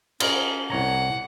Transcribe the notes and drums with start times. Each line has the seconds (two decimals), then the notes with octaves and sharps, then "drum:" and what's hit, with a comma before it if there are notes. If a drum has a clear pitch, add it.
0.20 C#4 F4 G#4 A#4, drum: cymbal
0.70 C2 C#5 F#5 A#5